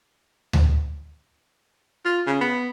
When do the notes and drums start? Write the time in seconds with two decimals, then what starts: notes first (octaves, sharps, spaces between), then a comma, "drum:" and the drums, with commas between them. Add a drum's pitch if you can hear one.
0.53 drum: tom D2
2.05 F4
2.27 C#3
2.41 B3